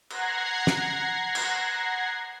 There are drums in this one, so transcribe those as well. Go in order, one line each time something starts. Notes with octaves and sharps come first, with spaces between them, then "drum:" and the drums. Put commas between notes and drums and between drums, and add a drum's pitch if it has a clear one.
F#5 A#5 F#6 G#6 A#6 C7, drum: cymbal
drum: snare
drum: cymbal